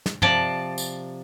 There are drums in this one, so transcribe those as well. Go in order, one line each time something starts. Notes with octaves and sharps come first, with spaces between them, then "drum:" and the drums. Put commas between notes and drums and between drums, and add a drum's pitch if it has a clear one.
drum: snare
C3 F3 D5 A5, drum: tom
drum: tambourine